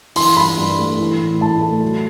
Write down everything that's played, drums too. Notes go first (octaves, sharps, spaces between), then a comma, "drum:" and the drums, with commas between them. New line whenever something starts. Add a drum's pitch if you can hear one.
E3 C6, drum: open hi-hat
G2 B5
G2
A3
E3
A2
A2 A5
A3
F#3